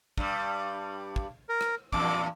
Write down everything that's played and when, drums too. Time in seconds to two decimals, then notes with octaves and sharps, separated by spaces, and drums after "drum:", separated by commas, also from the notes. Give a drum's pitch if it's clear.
0.18 G2 G3, drum: kick
1.16 drum: kick
1.49 A#4
1.61 drum: rim click
1.93 E2 G2 A#2 D6, drum: kick